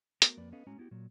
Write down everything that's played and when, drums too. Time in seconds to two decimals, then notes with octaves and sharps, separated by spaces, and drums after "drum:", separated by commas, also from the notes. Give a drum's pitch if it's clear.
0.22 A3 B3 F#4 A#4, drum: hi-hat
0.37 F2 A#3 B4 D5
0.52 B3 C#4 A4 B4 D#5 F5
0.67 A2 G#3 C#4 F#4 G#5 A#5
0.78 B3 E4 F#4 G4
0.91 A#2 F#3